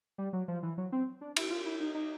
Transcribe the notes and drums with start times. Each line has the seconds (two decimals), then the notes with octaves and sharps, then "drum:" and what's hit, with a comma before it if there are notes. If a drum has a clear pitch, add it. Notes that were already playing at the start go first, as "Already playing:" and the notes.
0.18 G3
0.33 F#3
0.48 F3
0.63 E3
0.78 F#3
0.92 C4
1.21 D4
1.36 E4, drum: cymbal
1.50 F4
1.66 E4
1.80 D#4
1.95 D#4